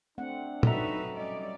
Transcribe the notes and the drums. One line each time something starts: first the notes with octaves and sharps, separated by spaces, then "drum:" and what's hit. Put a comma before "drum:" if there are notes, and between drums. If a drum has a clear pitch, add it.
A3 C4 D4 F#5
F#3 D#4 F#4 A4 B4 E5 A#5, drum: tom
G3 C#4 D5 D#5